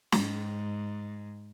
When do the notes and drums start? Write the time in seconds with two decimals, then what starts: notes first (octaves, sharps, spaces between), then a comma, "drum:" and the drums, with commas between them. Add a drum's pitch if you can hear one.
0.12 G#2, drum: snare